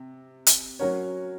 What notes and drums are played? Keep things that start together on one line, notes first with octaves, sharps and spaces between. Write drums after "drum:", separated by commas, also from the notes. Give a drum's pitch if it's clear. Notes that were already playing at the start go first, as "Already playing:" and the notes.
Already playing: C3
drum: hi-hat
F#3 C#4 F#4 A#4 C#5